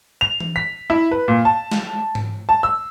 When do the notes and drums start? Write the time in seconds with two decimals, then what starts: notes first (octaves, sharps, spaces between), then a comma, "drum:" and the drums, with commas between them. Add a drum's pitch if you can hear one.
0.21 F7
0.40 drum: tom E3
0.56 B6
0.90 E4
1.11 B4
1.28 A#2
1.45 A5
1.72 drum: snare
2.15 drum: tom
2.49 A5
2.63 E6